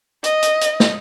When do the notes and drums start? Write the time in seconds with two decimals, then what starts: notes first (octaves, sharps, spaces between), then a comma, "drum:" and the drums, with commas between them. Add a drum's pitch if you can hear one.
0.24 D#5, drum: hi-hat
0.42 drum: hi-hat
0.61 drum: hi-hat
0.80 drum: snare